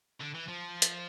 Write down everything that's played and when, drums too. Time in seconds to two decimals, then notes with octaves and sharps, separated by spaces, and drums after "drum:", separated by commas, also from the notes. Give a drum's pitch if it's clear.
0.20 D3
0.34 E3
0.48 F3
0.82 drum: hi-hat